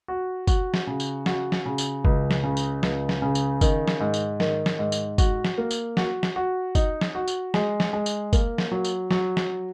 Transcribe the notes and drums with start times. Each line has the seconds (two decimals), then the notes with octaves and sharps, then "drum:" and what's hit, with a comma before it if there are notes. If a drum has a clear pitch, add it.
0.08 F#4
0.47 F#4, drum: kick, tambourine
0.74 drum: snare
0.87 C#3
1.00 drum: tambourine
1.26 F#4, drum: snare
1.52 drum: snare
1.65 C#3
1.78 drum: tambourine
2.05 C#2, drum: kick
2.31 drum: snare
2.43 C#3
2.57 drum: tambourine
2.83 C#2, drum: snare
3.09 drum: snare
3.22 C#3
3.35 drum: tambourine
3.61 D#3, drum: kick, tambourine
3.88 drum: snare
4.00 G#2
4.14 drum: tambourine
4.40 D#3, drum: snare
4.66 drum: snare
4.79 G#2
4.92 drum: tambourine
5.18 F#4, drum: kick, tambourine
5.44 drum: snare
5.58 A#3
5.71 drum: tambourine
5.97 F#4, drum: snare
6.23 drum: snare
6.36 F#4
6.75 D#4, drum: kick, tambourine
7.01 drum: snare
7.15 F#4
7.28 drum: tambourine
7.54 G#3, drum: snare
7.80 drum: snare
7.93 G#3
8.06 drum: tambourine
8.33 A#3, drum: kick, tambourine
8.58 drum: snare
8.72 F#3
8.85 drum: tambourine
9.11 F#3, drum: snare
9.37 drum: snare